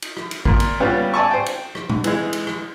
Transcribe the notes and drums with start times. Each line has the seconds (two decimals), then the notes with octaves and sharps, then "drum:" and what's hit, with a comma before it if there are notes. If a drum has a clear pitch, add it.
0.02 drum: cymbal
0.17 drum: rim click
0.31 drum: cymbal
0.45 A#2, drum: kick
0.60 drum: cymbal
0.80 G3 B3 C#4 F4 G4
1.14 D5 G#5 A5 C#6
1.31 C5 G5
1.46 drum: cymbal
1.75 drum: rim click
1.89 drum: tom A#2
2.04 E3 G#3, drum: cymbal
2.33 drum: cymbal
2.47 drum: rim click